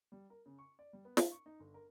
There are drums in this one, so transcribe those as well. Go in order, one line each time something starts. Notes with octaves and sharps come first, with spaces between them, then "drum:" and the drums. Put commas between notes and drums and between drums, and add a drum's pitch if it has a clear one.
G3
A#4
C#3
C#6
D5
G3
B3
D#4, drum: snare
C#6
D#4
G1
A#4